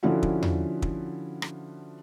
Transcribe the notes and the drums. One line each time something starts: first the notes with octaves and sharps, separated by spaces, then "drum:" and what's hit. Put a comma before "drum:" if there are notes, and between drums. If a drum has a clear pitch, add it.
D3 F3 C#4 E4 F#4
drum: kick
drum: tom E2
drum: kick
drum: rim click